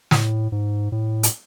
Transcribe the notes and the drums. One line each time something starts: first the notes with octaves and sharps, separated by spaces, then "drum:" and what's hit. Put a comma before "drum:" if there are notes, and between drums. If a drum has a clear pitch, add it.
A2, drum: snare
G#2
A2
drum: hi-hat